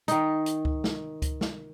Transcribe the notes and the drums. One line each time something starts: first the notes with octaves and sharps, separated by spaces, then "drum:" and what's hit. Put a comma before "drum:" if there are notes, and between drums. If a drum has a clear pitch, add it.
D#3 D#4, drum: hi-hat
drum: hi-hat
drum: kick C#2
drum: snare
drum: kick C#2, hi-hat
drum: snare